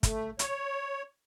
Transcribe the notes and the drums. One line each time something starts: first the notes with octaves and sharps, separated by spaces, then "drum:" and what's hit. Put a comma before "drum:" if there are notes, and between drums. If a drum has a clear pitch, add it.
A3, drum: kick, hi-hat
C#5, drum: hi-hat